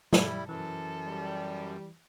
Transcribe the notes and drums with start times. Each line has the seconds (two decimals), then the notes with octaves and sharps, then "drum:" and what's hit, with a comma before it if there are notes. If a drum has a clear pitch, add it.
0.13 G3 E4, drum: snare
0.49 F#2 E3 A4
1.06 G3